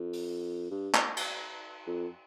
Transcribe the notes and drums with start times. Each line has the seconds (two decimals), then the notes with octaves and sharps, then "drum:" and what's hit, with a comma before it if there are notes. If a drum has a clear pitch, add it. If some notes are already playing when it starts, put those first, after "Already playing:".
Already playing: F2
0.13 drum: open hi-hat
0.71 G2
0.94 drum: clap
1.17 drum: cymbal
1.86 F2